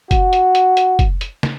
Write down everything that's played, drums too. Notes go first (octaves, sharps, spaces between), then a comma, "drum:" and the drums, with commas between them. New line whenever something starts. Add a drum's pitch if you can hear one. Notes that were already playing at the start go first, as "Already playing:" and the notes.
F#4, drum: kick, hi-hat
drum: hi-hat
drum: hi-hat
drum: hi-hat
drum: kick, hi-hat
drum: hi-hat
drum: snare